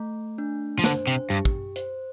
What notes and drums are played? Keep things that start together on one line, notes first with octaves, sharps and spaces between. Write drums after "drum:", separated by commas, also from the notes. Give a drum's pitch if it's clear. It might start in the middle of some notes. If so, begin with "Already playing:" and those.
Already playing: A3
D4
F3
D3 C5, drum: snare
C3
G2 G4
drum: kick
C5, drum: hi-hat